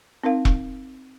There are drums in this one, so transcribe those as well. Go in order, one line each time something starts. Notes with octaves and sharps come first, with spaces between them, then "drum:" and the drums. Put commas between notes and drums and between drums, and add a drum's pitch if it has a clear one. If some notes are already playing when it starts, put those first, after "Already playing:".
C4 D#4 A#4 F5
drum: kick E1